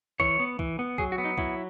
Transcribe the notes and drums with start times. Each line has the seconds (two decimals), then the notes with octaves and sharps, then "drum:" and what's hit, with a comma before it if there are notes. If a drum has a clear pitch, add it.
0.20 E3 C#5, drum: kick
0.40 B3
0.59 E3, drum: kick
0.79 B3
0.98 F#3 G#4, drum: kick
1.12 F#4
1.18 B3
1.25 D#4
1.38 F#3 E4, drum: kick